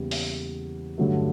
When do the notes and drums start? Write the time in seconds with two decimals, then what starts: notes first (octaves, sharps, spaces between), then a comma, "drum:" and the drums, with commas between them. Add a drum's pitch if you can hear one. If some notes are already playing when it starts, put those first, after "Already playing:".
Already playing: E2 C#3 E3 G3 A#3
0.11 drum: open hi-hat
0.98 G2 D3 F#3 A3